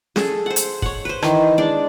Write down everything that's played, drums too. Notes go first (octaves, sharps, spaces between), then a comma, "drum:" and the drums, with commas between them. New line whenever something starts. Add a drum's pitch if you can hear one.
G#4 A4, drum: snare C#4
C5 F#5
drum: hi-hat
C#5 F#5, drum: kick
B4 C5
D#3 E3, drum: rim click
G#3 D4 D5